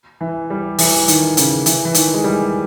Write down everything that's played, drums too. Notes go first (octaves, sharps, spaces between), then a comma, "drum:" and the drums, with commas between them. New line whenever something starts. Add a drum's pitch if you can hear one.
E3
G3
E3, drum: open hi-hat
D#3, drum: hi-hat
C#3, drum: hi-hat
E3, drum: hi-hat
E3
D#3, drum: hi-hat
G#3
G3